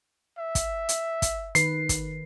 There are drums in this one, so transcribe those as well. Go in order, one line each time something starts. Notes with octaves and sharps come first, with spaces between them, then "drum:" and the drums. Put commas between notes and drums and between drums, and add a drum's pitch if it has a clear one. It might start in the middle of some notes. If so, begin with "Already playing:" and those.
E5
drum: kick, hi-hat
drum: hi-hat
drum: kick, hi-hat
D#3 B4 C7, drum: hi-hat
drum: kick, hi-hat